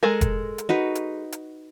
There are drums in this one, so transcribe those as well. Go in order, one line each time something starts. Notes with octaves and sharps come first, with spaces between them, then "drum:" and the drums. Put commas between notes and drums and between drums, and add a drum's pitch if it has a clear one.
G#3 A4 A#4 G#5
drum: kick F1, hi-hat
drum: hi-hat
D#4 F#4 B4
drum: hi-hat
drum: hi-hat